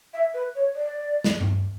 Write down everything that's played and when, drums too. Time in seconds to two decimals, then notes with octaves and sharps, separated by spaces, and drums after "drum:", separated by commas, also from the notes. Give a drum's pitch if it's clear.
0.13 E5
0.34 B4
0.55 C#5
0.75 D5
1.24 drum: snare
1.41 drum: tom G2